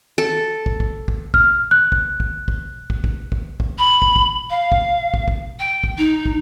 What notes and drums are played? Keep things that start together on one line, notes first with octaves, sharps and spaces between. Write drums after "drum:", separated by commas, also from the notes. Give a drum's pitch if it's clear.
A4
drum: kick
drum: kick
drum: kick
F6, drum: kick
F#6
drum: kick
drum: kick
drum: kick
drum: kick
drum: kick
drum: kick
drum: kick
B5
drum: kick
drum: kick
F5
drum: kick
drum: kick
drum: kick
G5
drum: kick
D#4
drum: kick